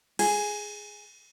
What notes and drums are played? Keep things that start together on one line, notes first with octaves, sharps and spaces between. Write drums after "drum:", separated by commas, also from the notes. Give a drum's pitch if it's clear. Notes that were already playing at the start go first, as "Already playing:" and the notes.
G#4, drum: cymbal